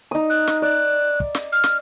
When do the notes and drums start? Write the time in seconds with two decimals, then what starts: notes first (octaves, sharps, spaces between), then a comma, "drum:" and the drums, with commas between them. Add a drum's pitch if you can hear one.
0.11 D#4 D#6
0.30 F#6
0.47 drum: snare
0.62 D5 F#6
1.20 drum: kick
1.35 drum: snare
1.52 F6
1.64 drum: snare